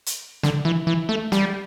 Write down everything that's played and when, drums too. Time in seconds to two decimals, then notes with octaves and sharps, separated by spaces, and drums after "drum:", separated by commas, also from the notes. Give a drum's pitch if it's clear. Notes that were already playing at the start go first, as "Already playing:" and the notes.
0.06 drum: hi-hat
0.43 D3, drum: snare
0.65 E3
0.87 E3
1.09 A3
1.32 G3, drum: snare